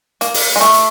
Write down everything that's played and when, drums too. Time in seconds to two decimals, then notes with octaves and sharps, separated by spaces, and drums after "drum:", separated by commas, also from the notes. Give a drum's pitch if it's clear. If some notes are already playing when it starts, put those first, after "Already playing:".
0.21 A#3, drum: hi-hat
0.34 drum: open hi-hat
0.56 G#3
0.61 A3, drum: hi-hat
0.74 drum: hi-hat